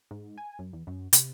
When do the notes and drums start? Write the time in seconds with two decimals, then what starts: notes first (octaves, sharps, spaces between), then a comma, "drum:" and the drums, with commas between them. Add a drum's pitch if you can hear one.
0.11 G#2
0.38 G#5
0.59 F#2
0.73 E2
0.87 F#2
1.13 C3, drum: hi-hat